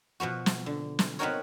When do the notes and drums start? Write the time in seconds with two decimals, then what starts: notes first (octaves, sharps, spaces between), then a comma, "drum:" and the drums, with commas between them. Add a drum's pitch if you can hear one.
0.20 B2 F3 B3 F#4
0.46 drum: snare
0.66 D3
0.99 drum: snare
1.19 B3 C4 D#4 F#4 A#4 C#5